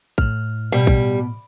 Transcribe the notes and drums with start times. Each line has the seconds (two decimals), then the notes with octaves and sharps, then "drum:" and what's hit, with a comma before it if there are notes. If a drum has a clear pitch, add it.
0.18 A2 F6, drum: kick A#1
0.72 B2 G3
0.87 drum: kick A#1